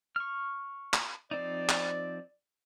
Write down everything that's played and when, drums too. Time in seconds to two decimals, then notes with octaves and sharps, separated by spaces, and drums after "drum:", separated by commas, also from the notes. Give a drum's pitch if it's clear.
0.16 C#6 F6
0.94 drum: clap
1.31 F3 C4 D#4 D5
1.69 drum: clap